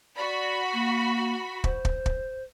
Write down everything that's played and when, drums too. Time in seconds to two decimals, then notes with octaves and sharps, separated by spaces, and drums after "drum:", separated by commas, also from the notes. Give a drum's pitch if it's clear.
0.16 F#4 D5 B5
0.73 A#3
1.64 C5, drum: kick
1.85 drum: kick
2.06 drum: kick